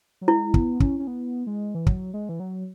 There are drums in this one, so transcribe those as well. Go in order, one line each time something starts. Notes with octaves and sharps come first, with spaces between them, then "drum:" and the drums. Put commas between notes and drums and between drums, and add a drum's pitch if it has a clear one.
F#3
G#3 E4
B3, drum: kick
C#4, drum: kick
C#4
B3
G#3
E3
F#3, drum: kick
G#3
E3
F#3